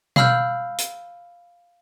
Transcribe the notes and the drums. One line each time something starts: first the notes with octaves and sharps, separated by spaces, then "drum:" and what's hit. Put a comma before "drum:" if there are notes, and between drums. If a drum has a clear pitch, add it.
F5 B5 E6 F6 G6, drum: tom B2
drum: hi-hat